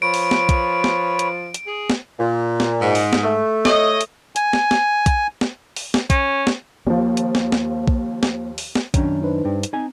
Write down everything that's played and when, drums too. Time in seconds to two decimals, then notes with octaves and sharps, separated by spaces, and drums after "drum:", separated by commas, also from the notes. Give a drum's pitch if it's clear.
0.02 F3 B4 C#5 D7
0.14 drum: open hi-hat
0.31 drum: snare
0.49 drum: kick, hi-hat
0.84 drum: snare
1.19 drum: hi-hat
1.54 drum: hi-hat
1.67 G#4
1.90 drum: snare
2.19 A#2
2.60 drum: snare
2.81 G#2
2.95 drum: open hi-hat
3.13 drum: snare
3.24 A3
3.65 C#5 D#5, drum: snare
4.01 drum: hi-hat
4.36 G#5, drum: hi-hat
4.53 drum: snare
4.71 drum: snare
5.06 drum: kick, hi-hat
5.41 drum: snare
5.76 drum: open hi-hat
5.94 drum: snare
6.10 C#4, drum: kick, hi-hat
6.47 drum: snare
6.87 D#2 F3 A#3
7.17 drum: hi-hat
7.35 drum: snare
7.52 drum: snare
7.88 drum: kick
8.23 drum: snare
8.58 drum: open hi-hat
8.75 drum: snare
8.94 F#2 D#3 C#4 D4, drum: kick, hi-hat
9.22 D4 D#4 B4 C5
9.45 G2
9.63 drum: hi-hat
9.73 C4 D#4 G#5